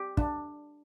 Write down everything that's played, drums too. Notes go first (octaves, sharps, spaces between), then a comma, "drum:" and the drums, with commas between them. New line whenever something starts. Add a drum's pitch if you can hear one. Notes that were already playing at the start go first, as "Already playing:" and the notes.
Already playing: G4
D4, drum: kick